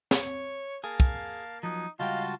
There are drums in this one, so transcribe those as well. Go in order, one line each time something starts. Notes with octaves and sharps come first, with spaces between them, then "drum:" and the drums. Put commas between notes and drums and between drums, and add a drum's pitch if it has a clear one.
C#5, drum: snare
A#3 G#4 F5 A5
drum: kick
F3 F#3 D#4
C#2 G3 F4 F#4 D#5 F5 G5 A5